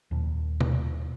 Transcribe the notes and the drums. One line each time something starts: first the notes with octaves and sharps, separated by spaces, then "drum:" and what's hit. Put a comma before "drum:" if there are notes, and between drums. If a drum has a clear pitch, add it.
D#2 A#2 F3
drum: tom B2